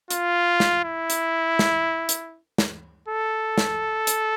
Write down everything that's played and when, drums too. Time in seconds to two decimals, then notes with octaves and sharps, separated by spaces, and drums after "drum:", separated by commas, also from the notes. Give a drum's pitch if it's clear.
0.11 F4, drum: hi-hat
0.60 drum: snare
0.85 E4
1.10 drum: hi-hat
1.59 drum: snare
2.09 drum: hi-hat
2.58 drum: snare
3.08 A4
3.58 drum: snare
4.07 drum: hi-hat